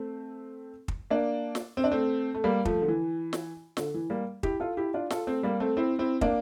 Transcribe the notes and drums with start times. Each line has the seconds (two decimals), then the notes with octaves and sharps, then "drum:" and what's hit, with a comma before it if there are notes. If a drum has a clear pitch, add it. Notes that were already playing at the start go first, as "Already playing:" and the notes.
Already playing: A3 C4
0.88 drum: kick
1.10 A#3 D4
1.55 drum: snare
1.77 C4
1.84 D4
1.92 A3 C4
2.35 A3
2.44 G3 A#3
2.65 F3 A3, drum: kick
2.82 D3
2.88 E3
3.33 drum: snare
3.77 D3, drum: snare
3.94 E3
4.10 G3 A#3
4.43 E4 G4, drum: kick
4.60 F4 A4
4.77 E4 G4
4.94 D4 F4
5.10 F4 A4, drum: snare
5.27 A3 C4
5.43 G3 A#3
5.60 A3 C4
5.77 C4 E4
5.99 C4 E4
6.21 A#3 D4, drum: kick